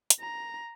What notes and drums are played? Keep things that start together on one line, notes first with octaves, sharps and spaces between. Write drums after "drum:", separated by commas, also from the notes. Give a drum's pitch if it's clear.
drum: hi-hat
A#5